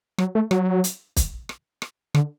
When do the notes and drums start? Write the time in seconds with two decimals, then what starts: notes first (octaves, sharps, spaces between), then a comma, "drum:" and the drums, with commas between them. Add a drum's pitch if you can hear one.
0.18 F#3, drum: rim click
0.35 A3
0.51 F#3, drum: rim click
0.84 drum: hi-hat
1.16 drum: kick, hi-hat
1.49 drum: rim click
1.82 drum: rim click
2.15 D3, drum: rim click